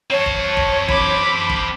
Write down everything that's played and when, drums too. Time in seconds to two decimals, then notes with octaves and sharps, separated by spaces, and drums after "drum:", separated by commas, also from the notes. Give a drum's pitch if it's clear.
0.11 C4 C#5 A5
0.26 drum: kick
0.57 drum: kick
0.89 B5 D6, drum: kick
1.50 drum: kick